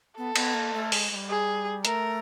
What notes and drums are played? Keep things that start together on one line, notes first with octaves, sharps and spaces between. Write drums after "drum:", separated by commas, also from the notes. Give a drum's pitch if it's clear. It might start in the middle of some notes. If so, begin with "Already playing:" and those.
B3 A4
B3, drum: cymbal
A#3
A3
G#3, drum: open hi-hat
G#3
G3
G#4
A3 A#4, drum: hi-hat